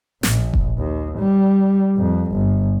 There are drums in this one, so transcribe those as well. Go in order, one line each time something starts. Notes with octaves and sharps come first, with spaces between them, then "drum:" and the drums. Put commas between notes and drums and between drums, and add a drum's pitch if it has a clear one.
A#1, drum: snare
drum: kick F1
D#2
G3
F2
G1